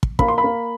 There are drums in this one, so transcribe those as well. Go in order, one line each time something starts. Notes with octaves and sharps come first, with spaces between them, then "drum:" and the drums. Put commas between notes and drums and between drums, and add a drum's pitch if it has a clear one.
drum: kick
A#3 B5, drum: kick
C6
B5
A#3